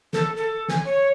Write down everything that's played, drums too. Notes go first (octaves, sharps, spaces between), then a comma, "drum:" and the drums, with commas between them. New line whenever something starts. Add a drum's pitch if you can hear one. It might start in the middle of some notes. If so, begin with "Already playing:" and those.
A4, drum: snare
A4
G#5, drum: snare
C#5